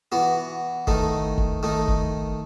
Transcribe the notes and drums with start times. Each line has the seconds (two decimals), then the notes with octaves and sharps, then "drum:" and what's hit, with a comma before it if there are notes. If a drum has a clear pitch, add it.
0.12 E3 B3 F#4
0.87 D#3 A3 D#4, drum: kick F#1
1.38 drum: kick F#1
1.63 D#3 A3 D#4
1.88 drum: kick F#1